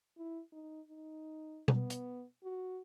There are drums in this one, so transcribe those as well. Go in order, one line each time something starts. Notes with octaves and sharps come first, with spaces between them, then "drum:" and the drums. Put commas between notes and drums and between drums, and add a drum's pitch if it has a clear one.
E4
D#4
D#4
B3, drum: tom B2
drum: hi-hat
F#4